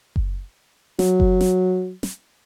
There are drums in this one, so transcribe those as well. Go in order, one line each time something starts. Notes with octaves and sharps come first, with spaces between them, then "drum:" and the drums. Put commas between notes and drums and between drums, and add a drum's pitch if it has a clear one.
drum: kick F#1
F#3, drum: snare
drum: kick F#1
drum: snare
drum: snare